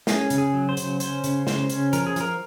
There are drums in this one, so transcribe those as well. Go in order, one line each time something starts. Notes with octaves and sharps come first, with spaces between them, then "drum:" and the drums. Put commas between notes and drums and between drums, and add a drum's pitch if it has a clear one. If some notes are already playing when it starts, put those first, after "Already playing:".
C#4 G#4, drum: snare
C#3, drum: hi-hat
G#4
F#3
C5
C#3, drum: hi-hat
C#4 C5, drum: hi-hat
C#3, drum: hi-hat
C#3 C5, drum: snare
C#4, drum: hi-hat
F3 A#4, drum: hi-hat
G#4
F3 A#4, drum: hi-hat